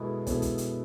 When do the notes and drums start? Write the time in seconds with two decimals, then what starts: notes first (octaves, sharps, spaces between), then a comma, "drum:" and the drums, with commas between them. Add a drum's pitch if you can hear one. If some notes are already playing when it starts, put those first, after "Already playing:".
Already playing: B2 G#3 B3 E4 A4
0.27 B2 G#3 B3 E4 A4, drum: kick, hi-hat
0.42 drum: kick, hi-hat
0.58 drum: hi-hat